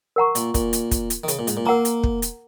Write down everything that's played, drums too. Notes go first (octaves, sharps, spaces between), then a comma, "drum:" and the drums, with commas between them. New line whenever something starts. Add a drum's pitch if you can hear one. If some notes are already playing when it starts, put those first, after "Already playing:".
A#4 F#5 A#5 C#6
A#2, drum: hi-hat
A#2, drum: kick, hi-hat
drum: hi-hat
drum: kick, hi-hat
drum: hi-hat
D#3
C#3, drum: hi-hat
A#2
G#2, drum: hi-hat
A#2
A#3 A#4 F#5 A#5
drum: hi-hat
drum: kick
drum: hi-hat